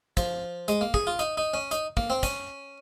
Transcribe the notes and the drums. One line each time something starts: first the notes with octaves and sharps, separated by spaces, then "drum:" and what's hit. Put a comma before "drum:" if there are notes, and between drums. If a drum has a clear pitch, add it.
F3, drum: kick, hi-hat
G#3, drum: hi-hat
A#3
G#4, drum: kick
F4
D#4, drum: hi-hat
D#4
C#4
D#4, drum: hi-hat
A#3, drum: kick
C4
C#4, drum: kick, hi-hat